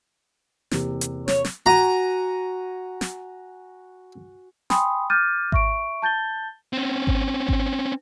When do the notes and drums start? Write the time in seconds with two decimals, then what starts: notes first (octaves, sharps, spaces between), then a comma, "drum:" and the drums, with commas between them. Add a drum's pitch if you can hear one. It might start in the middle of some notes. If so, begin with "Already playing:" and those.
0.71 E2 C3 A#3, drum: snare
1.01 drum: hi-hat
1.28 C#5, drum: snare
1.45 drum: snare
1.66 F#4 G#5 A#5
3.01 drum: snare
4.70 G5 G#5 B5 C6 D#6, drum: snare
5.10 D6 F6 G6 A6 D#7
5.52 E5 C#6 D7, drum: kick G#1
6.02 A5 G6 A6 G7
6.73 C4 C#4
7.07 drum: kick G#1
7.49 drum: kick G#1